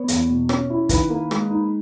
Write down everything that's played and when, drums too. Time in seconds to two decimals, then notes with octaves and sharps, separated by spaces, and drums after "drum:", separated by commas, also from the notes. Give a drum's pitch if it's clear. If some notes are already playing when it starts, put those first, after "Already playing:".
Already playing: B3 C#5
0.08 E2, drum: hi-hat
0.29 B2
0.49 C#4, drum: rim click
0.70 E4
0.89 D#3 B4, drum: kick, hi-hat
1.10 A#3
1.31 G#3, drum: rim click
1.50 D#4